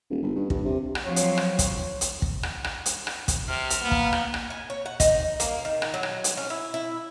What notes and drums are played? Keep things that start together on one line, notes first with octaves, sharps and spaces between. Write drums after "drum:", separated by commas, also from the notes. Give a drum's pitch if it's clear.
D#1
G1
G2
G2, drum: kick
C3
drum: rim click
F3 F#3 C4 C#5
drum: hi-hat
drum: rim click
drum: kick, hi-hat
drum: hi-hat
drum: kick
drum: rim click
drum: rim click
drum: hi-hat
drum: rim click
drum: kick, hi-hat
C3 F6
drum: hi-hat
A#3 B3
drum: kick
drum: rim click
drum: rim click
G#5
C#5
F#5
D#4, drum: kick, hi-hat
A#3, drum: hi-hat
D#3
drum: rim click
F#3
drum: rim click
drum: hi-hat
C#4
E4
E4